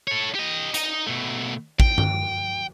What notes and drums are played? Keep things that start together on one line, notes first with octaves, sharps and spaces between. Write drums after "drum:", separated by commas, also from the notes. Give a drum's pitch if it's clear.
A4 C#5
G4 D#5
D#4 D#5, drum: hi-hat
B2 A3
G5, drum: kick
drum: tom G2